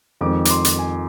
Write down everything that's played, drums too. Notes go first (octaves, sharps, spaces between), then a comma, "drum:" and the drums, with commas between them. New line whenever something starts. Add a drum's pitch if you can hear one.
F2 D#3 G#3 C4 D6
D6, drum: hi-hat
C6
drum: hi-hat
G#5